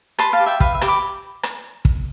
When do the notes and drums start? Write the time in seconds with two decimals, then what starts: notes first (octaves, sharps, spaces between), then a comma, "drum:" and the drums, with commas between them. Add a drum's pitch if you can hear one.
0.18 B4 A5 C6, drum: rim click
0.33 F5 A5
0.40 G4
0.46 E5 G5
0.60 B4 F5, drum: kick
0.74 E5
0.81 G4, drum: rim click
0.88 B5 D6
1.43 drum: rim click
1.85 drum: kick